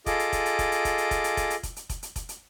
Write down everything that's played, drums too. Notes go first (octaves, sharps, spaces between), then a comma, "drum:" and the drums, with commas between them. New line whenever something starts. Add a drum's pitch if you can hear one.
F4 G#4 A4 D#5 D6, drum: kick F1, hi-hat
drum: hi-hat
drum: kick F1, hi-hat
drum: hi-hat
drum: kick F1, hi-hat
drum: hi-hat
drum: kick F1, hi-hat
drum: hi-hat
drum: kick F1, hi-hat
drum: hi-hat
drum: kick F1, hi-hat
drum: hi-hat
drum: kick F1, hi-hat
drum: hi-hat
drum: kick F1, hi-hat
drum: hi-hat
drum: kick F1, hi-hat
drum: hi-hat